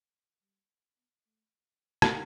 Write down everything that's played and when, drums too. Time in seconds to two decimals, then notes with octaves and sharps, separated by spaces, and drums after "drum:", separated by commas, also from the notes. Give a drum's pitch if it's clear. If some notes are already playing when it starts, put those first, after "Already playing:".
0.42 G3
0.97 B3
1.25 A3
2.02 drum: rim click